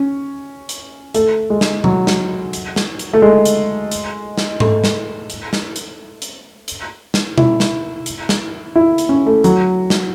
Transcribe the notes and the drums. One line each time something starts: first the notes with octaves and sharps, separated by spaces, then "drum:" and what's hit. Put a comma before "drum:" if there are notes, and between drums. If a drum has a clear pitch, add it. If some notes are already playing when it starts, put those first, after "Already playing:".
Already playing: C#4
drum: hi-hat
A3, drum: hi-hat
G#3
drum: snare
F#3, drum: tom B2
drum: snare
drum: hi-hat
drum: snare
drum: hi-hat
A3
G#3
drum: hi-hat
drum: hi-hat
drum: snare
A3, drum: tom G#2
drum: snare
drum: hi-hat
drum: snare
drum: hi-hat
drum: hi-hat
drum: hi-hat
drum: snare
E4, drum: tom B2
drum: snare
drum: hi-hat
drum: snare
E4
drum: hi-hat
C#4
A3
F#3, drum: hi-hat
drum: snare